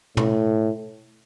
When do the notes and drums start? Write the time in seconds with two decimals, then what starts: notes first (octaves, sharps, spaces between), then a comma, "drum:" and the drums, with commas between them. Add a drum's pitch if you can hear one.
0.17 A2, drum: tom